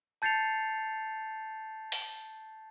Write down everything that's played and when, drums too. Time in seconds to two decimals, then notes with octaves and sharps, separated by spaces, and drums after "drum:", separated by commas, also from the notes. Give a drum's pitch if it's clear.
0.22 A5 G6 A6 C7 C#7 F7
1.92 drum: open hi-hat